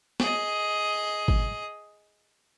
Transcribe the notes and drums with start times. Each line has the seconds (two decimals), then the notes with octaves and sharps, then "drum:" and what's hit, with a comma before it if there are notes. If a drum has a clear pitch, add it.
0.20 G#4 D#5, drum: snare
1.28 drum: kick G#1